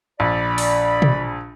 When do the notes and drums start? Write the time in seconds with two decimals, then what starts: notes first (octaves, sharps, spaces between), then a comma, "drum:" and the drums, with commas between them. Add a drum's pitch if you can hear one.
0.20 A#1 D5 B5
0.58 drum: open hi-hat
1.02 drum: tom